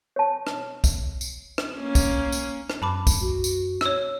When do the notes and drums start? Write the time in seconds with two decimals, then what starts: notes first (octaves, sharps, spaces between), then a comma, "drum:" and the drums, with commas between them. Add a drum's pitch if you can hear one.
0.16 C#5 A5
0.47 drum: rim click
0.84 drum: kick C2, tambourine
1.21 drum: tambourine
1.58 drum: rim click
1.77 A#3 C#4
1.95 drum: kick C2, tambourine
2.32 drum: tambourine
2.70 drum: rim click
2.82 F#2 A5 B5 D6
3.07 drum: kick C2, tambourine
3.21 F#4
3.44 drum: tambourine
3.81 C#5 E6, drum: rim click